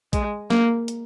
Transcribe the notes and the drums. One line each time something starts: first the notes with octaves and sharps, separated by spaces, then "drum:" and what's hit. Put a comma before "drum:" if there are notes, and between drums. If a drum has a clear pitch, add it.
G#3, drum: kick, hi-hat
A#3, drum: snare
drum: hi-hat